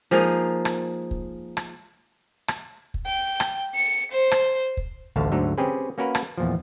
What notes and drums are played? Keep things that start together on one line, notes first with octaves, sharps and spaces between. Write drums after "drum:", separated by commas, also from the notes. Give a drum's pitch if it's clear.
F3 G#3 A#3 D#4
drum: rim click
drum: kick
drum: rim click
drum: rim click
drum: kick
G5
drum: rim click
C#7
C5
drum: rim click
drum: kick
A1 D2 D3 F5 A5
D2 G#2 D3 F#3 A4 A#5
C4 C#4 G4 G#4 B4 C#5
A#3 C#4 F#4 A#4 B4
drum: rim click
E2 A#2 F3